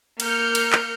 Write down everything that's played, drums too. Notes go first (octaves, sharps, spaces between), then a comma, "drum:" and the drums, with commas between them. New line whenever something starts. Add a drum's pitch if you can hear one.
A#3 F6 G6 C#7, drum: cymbal
drum: cymbal
drum: clap